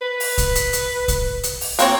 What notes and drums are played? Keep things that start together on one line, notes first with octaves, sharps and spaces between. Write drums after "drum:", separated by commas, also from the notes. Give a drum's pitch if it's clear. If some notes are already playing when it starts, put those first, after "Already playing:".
B4
drum: open hi-hat
drum: kick, hi-hat
drum: hi-hat
drum: hi-hat
drum: kick, hi-hat
drum: hi-hat
drum: open hi-hat
A#3 C4 C#5, drum: hi-hat